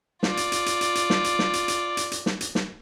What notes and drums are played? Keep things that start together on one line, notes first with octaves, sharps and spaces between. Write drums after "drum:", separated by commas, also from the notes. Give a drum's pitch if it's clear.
F4 D5, drum: snare
drum: hi-hat
drum: hi-hat
drum: hi-hat
drum: hi-hat
drum: hi-hat
drum: snare
drum: hi-hat
drum: snare
drum: hi-hat
drum: hi-hat
drum: hi-hat
drum: hi-hat
drum: snare
drum: hi-hat
drum: snare